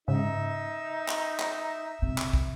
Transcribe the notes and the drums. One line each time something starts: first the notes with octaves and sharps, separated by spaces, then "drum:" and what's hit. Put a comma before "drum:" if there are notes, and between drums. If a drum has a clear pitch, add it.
G#2 C#3 D#4 E5
drum: clap
drum: clap
C3
drum: clap
drum: kick